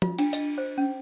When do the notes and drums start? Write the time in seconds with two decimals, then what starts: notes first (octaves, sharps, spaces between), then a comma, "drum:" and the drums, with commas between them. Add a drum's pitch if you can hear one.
0.02 F4, drum: tom F3
0.19 D4, drum: cymbal
0.33 D#5, drum: hi-hat
0.58 C5
0.78 C#4